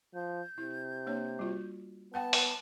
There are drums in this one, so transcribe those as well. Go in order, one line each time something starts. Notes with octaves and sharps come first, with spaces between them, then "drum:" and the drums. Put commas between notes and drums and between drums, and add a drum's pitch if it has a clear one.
F3 G6
C3 E4
A#3 D4 C#5
G3 F4 F#4
B3 B4 F#5 G5 A5
drum: open hi-hat